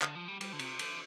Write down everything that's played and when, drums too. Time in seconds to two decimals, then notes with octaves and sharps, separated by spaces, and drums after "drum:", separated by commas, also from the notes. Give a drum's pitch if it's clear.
0.02 D3, drum: clap
0.15 F3
0.28 G3
0.41 G3, drum: cymbal
0.53 D3
0.59 C3, drum: cymbal
0.79 D3, drum: cymbal